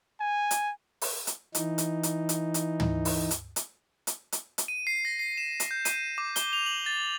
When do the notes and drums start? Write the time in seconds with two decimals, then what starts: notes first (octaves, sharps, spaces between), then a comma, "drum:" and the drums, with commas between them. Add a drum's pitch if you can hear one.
0.20 G#5
0.51 drum: hi-hat
1.02 drum: open hi-hat
1.27 drum: hi-hat
1.55 E3 D#4, drum: hi-hat
1.78 drum: hi-hat
2.03 drum: hi-hat
2.29 drum: hi-hat
2.54 drum: hi-hat
2.80 drum: tom
3.05 drum: open hi-hat
3.31 drum: hi-hat
3.56 drum: hi-hat
4.07 drum: hi-hat
4.32 drum: hi-hat
4.58 drum: hi-hat
4.68 D#7
4.87 C7
5.05 A#6
5.20 C7
5.38 E7
5.60 drum: hi-hat
5.71 G6
5.85 D#7, drum: hi-hat
6.18 D6
6.36 G7, drum: hi-hat
6.53 F7
6.66 F#7
6.86 A6